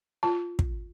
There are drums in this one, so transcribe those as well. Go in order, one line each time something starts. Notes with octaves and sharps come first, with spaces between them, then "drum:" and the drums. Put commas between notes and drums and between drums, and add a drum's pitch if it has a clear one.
F4 A5
drum: kick